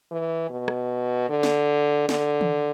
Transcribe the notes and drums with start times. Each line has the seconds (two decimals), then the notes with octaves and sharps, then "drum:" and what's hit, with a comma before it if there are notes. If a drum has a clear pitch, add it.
0.11 E3
0.50 B2
0.68 drum: rim click
1.30 D3
1.43 drum: snare
2.09 D3, drum: snare
2.41 drum: tom D#3